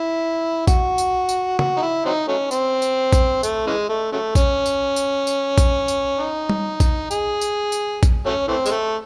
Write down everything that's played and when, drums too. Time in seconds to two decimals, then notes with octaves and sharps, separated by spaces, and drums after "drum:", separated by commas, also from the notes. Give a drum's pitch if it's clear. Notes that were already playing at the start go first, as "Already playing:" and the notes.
Already playing: E4
0.67 F#4, drum: kick A#1, tambourine
0.98 drum: tambourine
1.29 drum: tambourine
1.59 F#4, drum: tom
1.77 D#4
1.82 E4
2.06 F#3 C4 D#4
2.28 F#3 A3 C#4
2.51 C4, drum: tambourine
2.82 drum: tambourine
3.13 drum: kick A#1, tambourine
3.43 A3, drum: tambourine
3.67 C#3 E3 G#3
3.89 A3
4.12 C#3 F#3 A3
4.35 C#4, drum: kick A#1, tambourine
4.66 drum: tambourine
4.96 drum: tambourine
5.27 drum: tambourine
5.58 drum: kick A#1, tambourine
5.88 drum: tambourine
6.19 D#4
6.50 drum: tom G3
6.80 drum: kick A#1, tambourine
7.11 G#4, drum: tambourine
7.41 drum: tambourine
7.72 drum: tambourine
8.03 drum: kick A#1, tambourine
8.26 F#3 A3 C#4
8.48 E3 A3 C4
8.66 G#3, drum: tambourine
8.71 A3